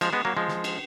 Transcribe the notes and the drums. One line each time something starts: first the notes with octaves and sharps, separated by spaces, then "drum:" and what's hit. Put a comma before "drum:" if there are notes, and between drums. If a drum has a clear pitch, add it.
F3 G#3, drum: cymbal
G#3 B3
F#3 A#3
F3 G#3
drum: snare
drum: cymbal